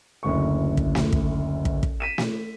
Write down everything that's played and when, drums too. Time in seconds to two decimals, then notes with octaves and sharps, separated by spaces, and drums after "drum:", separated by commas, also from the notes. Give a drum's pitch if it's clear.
0.23 F#1 D2 C#6
0.77 drum: kick
0.95 drum: snare
1.12 drum: kick
1.65 drum: kick
1.83 drum: kick
2.00 B6 D#7 E7
2.18 drum: snare